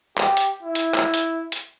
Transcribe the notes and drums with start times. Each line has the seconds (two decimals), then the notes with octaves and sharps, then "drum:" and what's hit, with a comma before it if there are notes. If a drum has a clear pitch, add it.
0.18 G4, drum: clap
0.37 drum: hi-hat
0.63 E4
0.75 drum: hi-hat
0.95 drum: clap
1.14 drum: hi-hat
1.52 drum: hi-hat